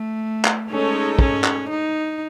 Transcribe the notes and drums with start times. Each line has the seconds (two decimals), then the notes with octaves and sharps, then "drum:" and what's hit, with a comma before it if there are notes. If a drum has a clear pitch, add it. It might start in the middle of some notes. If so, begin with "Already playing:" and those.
Already playing: A3
0.45 drum: clap
0.70 G#3 C#4 D#4 A4 C#5
1.19 C#4, drum: kick
1.44 drum: clap
1.69 D#4